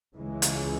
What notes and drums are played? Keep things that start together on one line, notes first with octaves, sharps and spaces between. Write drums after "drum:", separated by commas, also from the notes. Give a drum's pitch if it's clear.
C#2 C#3 E3 G#3
drum: hi-hat